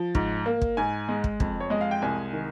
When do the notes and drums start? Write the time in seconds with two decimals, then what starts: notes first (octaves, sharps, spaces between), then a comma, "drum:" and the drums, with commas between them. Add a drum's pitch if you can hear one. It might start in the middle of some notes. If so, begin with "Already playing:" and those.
Already playing: F3
0.15 G#2, drum: kick
0.46 A#3
0.62 drum: kick
0.77 G#2 G#5
1.09 G#3
1.24 drum: kick
1.40 F2, drum: kick
1.60 C#5
1.70 G#3 D#5
1.81 F5
1.91 G5
2.02 C2 G#5
2.33 D#3